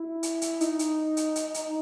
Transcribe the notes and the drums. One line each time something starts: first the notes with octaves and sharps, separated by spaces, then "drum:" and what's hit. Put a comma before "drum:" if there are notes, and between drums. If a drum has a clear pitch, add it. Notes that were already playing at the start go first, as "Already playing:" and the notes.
Already playing: E4
drum: hi-hat
drum: hi-hat
D#4, drum: hi-hat
drum: hi-hat
drum: hi-hat
drum: hi-hat
drum: hi-hat